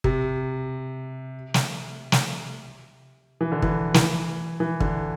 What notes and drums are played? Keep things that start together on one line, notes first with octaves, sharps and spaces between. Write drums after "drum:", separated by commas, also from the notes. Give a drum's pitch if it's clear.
C3, drum: kick
drum: snare
drum: snare
E3
D3
E3, drum: kick
E3, drum: snare
E3
D3, drum: kick